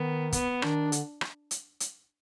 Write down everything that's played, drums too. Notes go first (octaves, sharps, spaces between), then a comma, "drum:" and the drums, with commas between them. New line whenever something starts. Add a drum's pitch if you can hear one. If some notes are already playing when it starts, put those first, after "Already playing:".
Already playing: D#3 B3
B3, drum: kick, hi-hat
D#3 D4, drum: rim click
D3, drum: hi-hat
drum: rim click
drum: hi-hat
drum: hi-hat